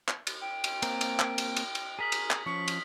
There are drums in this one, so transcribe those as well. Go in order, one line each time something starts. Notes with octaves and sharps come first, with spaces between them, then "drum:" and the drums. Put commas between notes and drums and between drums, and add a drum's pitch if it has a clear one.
drum: clap
drum: cymbal
G5
drum: cymbal
A#3 C4 A#4, drum: cymbal
drum: cymbal
drum: clap
drum: cymbal
drum: cymbal
drum: cymbal
G#4 A#4 D#6 B6 F#7
drum: cymbal
drum: clap
F3 C#4 C#6
drum: cymbal